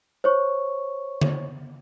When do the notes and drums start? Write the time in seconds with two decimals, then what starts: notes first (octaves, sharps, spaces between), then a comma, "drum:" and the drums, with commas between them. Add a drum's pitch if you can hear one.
0.24 C5 C#5 C#6
1.21 drum: tom D3